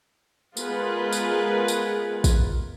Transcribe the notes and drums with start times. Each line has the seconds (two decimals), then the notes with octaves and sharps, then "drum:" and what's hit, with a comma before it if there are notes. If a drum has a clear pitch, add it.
0.57 G#3 B3 F4 G#4 A#4 B4, drum: tambourine
1.13 drum: tambourine
1.68 drum: tambourine
2.24 drum: kick, tambourine